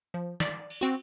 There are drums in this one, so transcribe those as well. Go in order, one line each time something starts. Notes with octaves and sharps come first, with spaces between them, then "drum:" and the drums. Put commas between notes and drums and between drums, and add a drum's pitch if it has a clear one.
F3
D5, drum: snare
drum: cymbal
C4 F#4